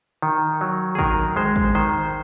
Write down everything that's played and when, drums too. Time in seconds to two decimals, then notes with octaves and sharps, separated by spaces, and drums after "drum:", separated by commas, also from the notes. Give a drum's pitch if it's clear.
0.22 D#3
0.61 F#3
0.95 G#4
0.99 D#3 A#4, drum: kick
1.36 G#3 C5
1.56 drum: kick
1.75 D#3 C5